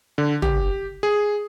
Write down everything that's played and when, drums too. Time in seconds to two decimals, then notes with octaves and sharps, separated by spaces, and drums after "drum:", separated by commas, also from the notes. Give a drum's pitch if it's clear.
0.18 D3
0.42 G4, drum: tom
1.03 G#4